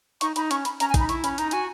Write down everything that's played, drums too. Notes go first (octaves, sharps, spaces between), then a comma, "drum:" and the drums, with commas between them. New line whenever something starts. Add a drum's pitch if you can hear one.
D#4 C#6, drum: hi-hat
D#4 B5, drum: hi-hat
C#4 C#6, drum: hi-hat
B5, drum: hi-hat
C#4 A#5, drum: hi-hat
G#5
D#4, drum: kick A#1, hi-hat
B5
E4 C#6, drum: hi-hat
C#4 B5, drum: hi-hat
D#4 A#5, drum: hi-hat
F#4 G#5, drum: hi-hat